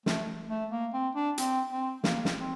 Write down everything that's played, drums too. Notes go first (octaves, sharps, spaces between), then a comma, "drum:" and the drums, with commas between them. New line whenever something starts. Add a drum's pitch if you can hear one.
A3, drum: snare
A3
A#3
C4
D4
C4, drum: hi-hat
C4
A#3, drum: snare
drum: snare
C4